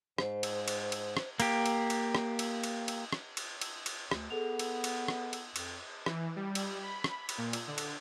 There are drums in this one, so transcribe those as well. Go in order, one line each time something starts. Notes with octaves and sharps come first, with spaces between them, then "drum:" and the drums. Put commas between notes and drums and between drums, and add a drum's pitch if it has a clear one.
G#2 C5, drum: rim click
drum: cymbal
drum: cymbal
drum: cymbal
drum: rim click
A#3 G4, drum: cymbal
drum: cymbal
drum: cymbal
drum: rim click
drum: cymbal
drum: cymbal
drum: cymbal
drum: rim click
drum: cymbal
drum: cymbal
drum: cymbal
D2, drum: rim click
B3 G#4 A4 F7
drum: cymbal
drum: cymbal
drum: rim click
drum: cymbal
F2, drum: cymbal
E3, drum: rim click
G3
drum: cymbal
B5
drum: rim click
drum: cymbal
A#2
drum: cymbal
D3
drum: cymbal